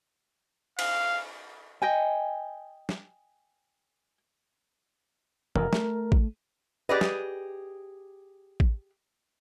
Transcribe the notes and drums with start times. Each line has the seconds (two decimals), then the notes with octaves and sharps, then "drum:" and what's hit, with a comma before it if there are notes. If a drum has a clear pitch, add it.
0.79 F5, drum: cymbal
1.82 D#5 G5 G#5
2.89 drum: snare
5.56 F1 F#2 A#4, drum: tom
5.73 A3, drum: snare
6.12 drum: kick A1
6.89 G4 G#4 B4 D5 D#5
7.01 drum: snare
8.60 drum: kick A1